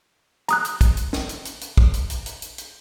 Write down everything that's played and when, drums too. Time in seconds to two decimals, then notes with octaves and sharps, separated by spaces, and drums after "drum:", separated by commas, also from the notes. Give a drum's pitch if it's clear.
0.49 A#5 D#6 F#6, drum: hi-hat
0.65 drum: hi-hat
0.81 drum: kick, hi-hat
0.97 drum: hi-hat
1.13 drum: snare
1.29 drum: hi-hat
1.45 drum: hi-hat
1.61 drum: hi-hat
1.77 drum: kick
1.94 drum: hi-hat
2.10 drum: hi-hat
2.26 drum: hi-hat
2.42 drum: hi-hat
2.58 drum: hi-hat